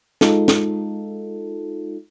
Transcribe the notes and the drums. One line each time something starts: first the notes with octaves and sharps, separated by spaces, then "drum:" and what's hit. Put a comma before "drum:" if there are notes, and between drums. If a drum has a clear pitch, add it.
G#3 D#4 F4 A4, drum: snare
drum: snare